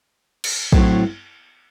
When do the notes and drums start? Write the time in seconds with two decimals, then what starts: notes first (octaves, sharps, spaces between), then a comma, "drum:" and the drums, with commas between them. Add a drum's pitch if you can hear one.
0.44 drum: cymbal
0.73 A2 F#3 C4, drum: kick A#1